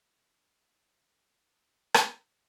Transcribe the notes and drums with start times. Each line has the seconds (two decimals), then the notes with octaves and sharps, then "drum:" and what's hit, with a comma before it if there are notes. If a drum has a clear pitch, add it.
0.22 D#3 G#4 B4 F5 F6 G#6 C#7
1.94 drum: rim click